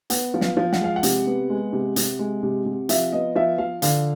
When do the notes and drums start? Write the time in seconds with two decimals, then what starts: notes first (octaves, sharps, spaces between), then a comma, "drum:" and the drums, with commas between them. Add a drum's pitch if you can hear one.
0.10 B3 F#5, drum: hi-hat
0.34 F3
0.41 F5, drum: snare
0.57 F3
0.73 F#5, drum: snare
0.80 G#3 F5
0.96 F#5
1.03 C3, drum: hi-hat
1.27 B3
1.50 G#3
1.73 C3
1.96 C3, drum: hi-hat
2.19 G#3
2.43 C3
2.65 C3
2.89 F3 E5, drum: hi-hat
3.12 B3 D#5
3.35 F3 E5
3.58 F3 F5
3.82 D3 F5, drum: hi-hat